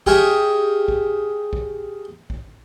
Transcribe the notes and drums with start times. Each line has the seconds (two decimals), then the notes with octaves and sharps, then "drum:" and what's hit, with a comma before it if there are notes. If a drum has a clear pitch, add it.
0.06 G4 G#4 A#4 C#5 E5, drum: kick G#1
0.88 drum: kick G#1
1.53 drum: kick G#1
2.30 drum: kick G#1